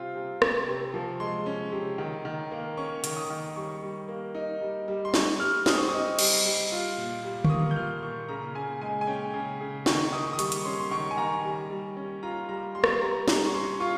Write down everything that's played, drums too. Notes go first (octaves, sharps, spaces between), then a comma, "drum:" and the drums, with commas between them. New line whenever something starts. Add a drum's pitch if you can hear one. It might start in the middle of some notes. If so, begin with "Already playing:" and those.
Already playing: C3 G3 C4 F4
C3
C#4, drum: rim click
C3
F3
G#3 C6
C#4
C3
D#3
D#3
A#3
C#4 C#6
D#3, drum: hi-hat
D#6
D#3
G3 C#6
G3
A#3
D#4
G3
G3
C6
G3 C#6, drum: snare
G3 F6
C4 D#6, drum: snare
C#6
D#4 D#6
G3, drum: cymbal
G3
F4
A#2
G3
C#6, drum: tom D3
A#3 D#6
G6
F4 F6
A#2 C#6
C#3 A#5
C#3 G#5
G#3 G#5
G#5
C#4 G5
C#3
C#3
D#3 C#6, drum: snare
D#3 D#6
D#6
G3 C#6, drum: hi-hat
drum: hi-hat
C#4 C6
C6
D#3 C#6
G#5
D#3 A#5
G3
G3
C#4
F4 A#5
G3 A#5
G3 C6
C#6, drum: rim click
C6
G3 A#5
G3 A#5, drum: snare
C#6
C#4 C6
F4 C#6